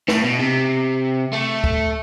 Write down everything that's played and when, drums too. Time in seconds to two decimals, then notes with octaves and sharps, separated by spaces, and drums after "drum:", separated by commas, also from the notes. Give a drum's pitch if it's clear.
0.08 A2, drum: snare
0.24 B2
0.39 C3
1.33 A3
1.64 drum: kick D2